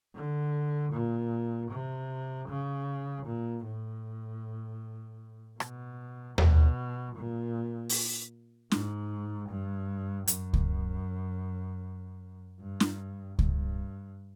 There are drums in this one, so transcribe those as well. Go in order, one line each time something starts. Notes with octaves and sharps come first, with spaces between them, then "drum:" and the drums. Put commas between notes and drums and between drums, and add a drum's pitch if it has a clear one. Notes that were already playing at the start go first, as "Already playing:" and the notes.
D3
A#2
C3
C#3
A#2
A2
B2, drum: rim click
B2, drum: tom D#2
A#2
drum: open hi-hat
G#2, drum: snare
G2
F#2, drum: hi-hat
drum: kick C#2
G2
drum: snare
G2, drum: kick C#2